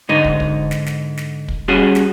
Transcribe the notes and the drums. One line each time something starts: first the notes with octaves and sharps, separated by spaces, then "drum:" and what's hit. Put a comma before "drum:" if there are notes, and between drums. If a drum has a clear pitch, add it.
G#2 D3 D#4
drum: kick
drum: kick
drum: snare
drum: snare
drum: snare
drum: kick
G3 C#4 F#4 G#4
drum: snare